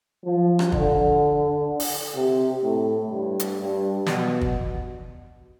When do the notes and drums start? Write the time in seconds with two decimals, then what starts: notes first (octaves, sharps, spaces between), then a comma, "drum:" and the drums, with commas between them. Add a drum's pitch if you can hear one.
0.25 F3
0.59 drum: rim click
0.72 D3, drum: kick
1.80 drum: open hi-hat
2.16 C3
2.63 A2
3.11 G2
3.40 drum: hi-hat
3.58 G2
4.06 B2, drum: snare
4.41 drum: kick